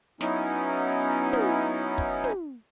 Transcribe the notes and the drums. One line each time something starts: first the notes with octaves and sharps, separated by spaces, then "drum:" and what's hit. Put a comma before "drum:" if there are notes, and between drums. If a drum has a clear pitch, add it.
F#3 B3 C#4 D#4 E4, drum: snare
drum: tom
drum: kick
drum: tom